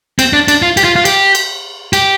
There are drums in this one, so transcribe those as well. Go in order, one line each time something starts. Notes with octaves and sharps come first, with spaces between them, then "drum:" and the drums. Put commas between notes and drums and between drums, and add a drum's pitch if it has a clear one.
C4, drum: cymbal
D4
D4, drum: cymbal
F4
G4, drum: cymbal
F4
F4
G4, drum: cymbal
drum: cymbal
G4, drum: cymbal